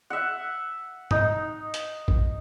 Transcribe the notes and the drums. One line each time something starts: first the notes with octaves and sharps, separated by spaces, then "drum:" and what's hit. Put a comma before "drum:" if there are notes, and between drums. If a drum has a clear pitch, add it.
E5 F#5
D#4, drum: tom
drum: hi-hat
drum: kick